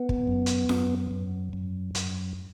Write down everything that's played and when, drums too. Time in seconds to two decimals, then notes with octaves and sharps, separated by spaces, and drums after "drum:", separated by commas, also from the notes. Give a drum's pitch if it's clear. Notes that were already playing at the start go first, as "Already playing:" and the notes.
Already playing: B3
0.09 drum: kick
0.27 F#2
0.46 drum: hi-hat
0.69 F#2, drum: snare F4
1.11 F#2
1.53 F#2
1.95 F#2, drum: hi-hat